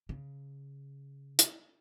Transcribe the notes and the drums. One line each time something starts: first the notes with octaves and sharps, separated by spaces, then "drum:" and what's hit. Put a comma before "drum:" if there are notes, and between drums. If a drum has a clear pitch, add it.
C#3
drum: hi-hat